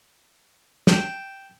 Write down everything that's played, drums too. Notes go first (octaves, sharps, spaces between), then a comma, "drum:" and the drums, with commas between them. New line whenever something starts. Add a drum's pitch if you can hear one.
G5 A5, drum: snare